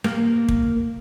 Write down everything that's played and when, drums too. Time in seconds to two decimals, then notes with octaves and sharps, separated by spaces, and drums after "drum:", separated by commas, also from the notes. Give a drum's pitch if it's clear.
0.04 A#3, drum: rim click
0.49 drum: kick